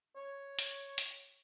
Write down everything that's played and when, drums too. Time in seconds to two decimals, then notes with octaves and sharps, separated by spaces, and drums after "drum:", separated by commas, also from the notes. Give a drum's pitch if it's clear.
0.16 C#5
0.59 drum: hi-hat
0.98 drum: hi-hat